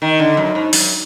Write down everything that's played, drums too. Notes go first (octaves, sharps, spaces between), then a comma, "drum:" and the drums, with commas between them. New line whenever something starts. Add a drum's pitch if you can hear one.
D#3
D3
F#2
G#2
F#2, drum: open hi-hat